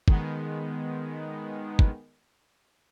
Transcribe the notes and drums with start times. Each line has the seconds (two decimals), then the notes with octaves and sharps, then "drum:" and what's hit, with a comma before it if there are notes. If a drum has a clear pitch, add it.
0.08 D#3 G#3 B3, drum: kick
1.79 drum: kick